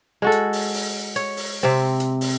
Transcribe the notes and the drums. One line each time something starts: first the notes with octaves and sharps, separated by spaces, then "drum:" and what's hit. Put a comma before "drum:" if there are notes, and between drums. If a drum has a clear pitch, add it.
G#3 F#4 A4
drum: hi-hat
drum: open hi-hat
drum: open hi-hat
C#5, drum: hi-hat
drum: open hi-hat
C3 C4
drum: hi-hat
drum: open hi-hat